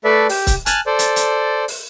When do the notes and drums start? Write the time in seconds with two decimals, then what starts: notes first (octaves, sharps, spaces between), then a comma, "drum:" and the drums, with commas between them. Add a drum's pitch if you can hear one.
0.04 A3 A4 B4 D5 E5
0.29 G4, drum: open hi-hat
0.47 drum: kick C#1, hi-hat
0.66 G#5 A5 F6 F#6, drum: hi-hat
0.86 A4 C5 D5
0.99 drum: hi-hat
1.16 drum: hi-hat
1.68 drum: open hi-hat